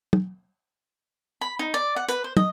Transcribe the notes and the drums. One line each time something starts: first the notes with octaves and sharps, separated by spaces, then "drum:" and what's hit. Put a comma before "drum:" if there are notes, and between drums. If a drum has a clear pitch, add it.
drum: tom
B5
D#4
D5
F#5
B4, drum: hi-hat
C5
D#5, drum: tom